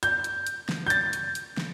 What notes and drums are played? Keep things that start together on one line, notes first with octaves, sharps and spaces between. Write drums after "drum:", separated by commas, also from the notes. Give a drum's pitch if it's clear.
G6, drum: hi-hat
drum: hi-hat
drum: hi-hat
drum: snare
G6
A6, drum: hi-hat
drum: hi-hat
drum: hi-hat
drum: snare